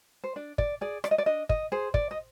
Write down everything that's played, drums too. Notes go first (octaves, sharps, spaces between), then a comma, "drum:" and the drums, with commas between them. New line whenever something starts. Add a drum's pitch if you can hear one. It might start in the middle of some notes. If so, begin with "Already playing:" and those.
C5
D4 D5
D5, drum: kick
G#4 D5
D5, drum: rim click
D#5
D5
D4 D#5
D#5, drum: kick
G#4 C5
D5, drum: kick
D#5